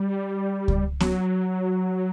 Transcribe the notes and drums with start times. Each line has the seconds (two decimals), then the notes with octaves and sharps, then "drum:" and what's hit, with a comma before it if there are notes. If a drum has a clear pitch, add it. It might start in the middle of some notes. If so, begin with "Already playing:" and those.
Already playing: G3
0.68 drum: kick C#2
1.00 F#3, drum: snare B3